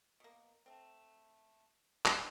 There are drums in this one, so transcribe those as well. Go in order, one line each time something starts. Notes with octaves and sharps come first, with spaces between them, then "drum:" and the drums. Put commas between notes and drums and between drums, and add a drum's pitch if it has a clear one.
B2 A#3
A3 C4
drum: clap